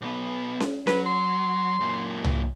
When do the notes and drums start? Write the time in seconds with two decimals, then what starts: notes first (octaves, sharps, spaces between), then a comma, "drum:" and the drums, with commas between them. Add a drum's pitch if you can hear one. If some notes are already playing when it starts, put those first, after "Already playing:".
0.02 B1 B3
0.60 drum: snare C#4
0.87 F#3 B4, drum: snare C#4
1.06 C6
1.80 F#2 A#2
2.24 drum: tom